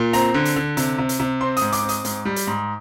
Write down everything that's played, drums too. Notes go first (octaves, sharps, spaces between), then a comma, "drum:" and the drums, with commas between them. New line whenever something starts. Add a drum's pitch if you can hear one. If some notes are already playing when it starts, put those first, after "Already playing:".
Already playing: A#2
C4 A#5, drum: hi-hat
D3
drum: hi-hat
D3
C3, drum: hi-hat
C3
drum: hi-hat
C3
C4 C6
D#6, drum: hi-hat
G#2
D6, drum: hi-hat
C4
D#6, drum: hi-hat
G#2, drum: hi-hat
G3
drum: hi-hat
G#2